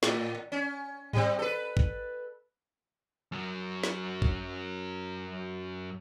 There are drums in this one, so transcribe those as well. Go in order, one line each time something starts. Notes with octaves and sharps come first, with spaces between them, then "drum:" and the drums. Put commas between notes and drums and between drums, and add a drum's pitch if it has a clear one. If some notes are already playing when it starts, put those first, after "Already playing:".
A2, drum: snare
C#4
G3 C4, drum: tom G#2
A4 B4
drum: kick G#1
F#2 F#3
drum: snare
drum: kick G#1